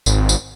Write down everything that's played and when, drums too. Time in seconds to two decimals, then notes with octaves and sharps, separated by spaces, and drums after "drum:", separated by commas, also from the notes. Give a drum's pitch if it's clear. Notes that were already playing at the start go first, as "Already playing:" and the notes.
0.06 G#1, drum: tambourine
0.29 drum: tambourine